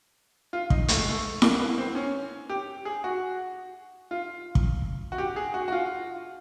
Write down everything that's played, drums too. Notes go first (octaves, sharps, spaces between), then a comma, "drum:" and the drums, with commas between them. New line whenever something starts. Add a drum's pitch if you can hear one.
F4
D#4, drum: kick
A3, drum: hi-hat
G#3
A3
A#3, drum: snare E4
B3
A#3
C4
C#4
G4
G#4
F#4
F4
drum: kick
F#4
G4
G#4
F#4
F#4
F4